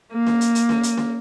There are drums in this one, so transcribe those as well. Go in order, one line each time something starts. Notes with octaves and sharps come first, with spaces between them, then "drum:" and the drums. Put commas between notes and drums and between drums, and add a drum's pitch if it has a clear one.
A#3
drum: snare
drum: hi-hat
drum: hi-hat
drum: snare
drum: hi-hat
drum: snare